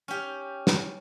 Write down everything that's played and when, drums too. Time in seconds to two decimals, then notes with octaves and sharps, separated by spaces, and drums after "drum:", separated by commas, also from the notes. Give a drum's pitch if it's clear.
0.08 C#4 G4
0.67 drum: snare